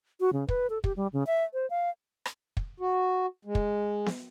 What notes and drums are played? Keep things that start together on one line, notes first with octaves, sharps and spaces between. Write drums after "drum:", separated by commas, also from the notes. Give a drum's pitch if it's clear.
F#4
C#3
B4, drum: kick
A4
G4, drum: kick
G3
C#3
E5
C5
F5
drum: rim click
drum: kick
F#4
G#3
drum: kick
drum: snare B3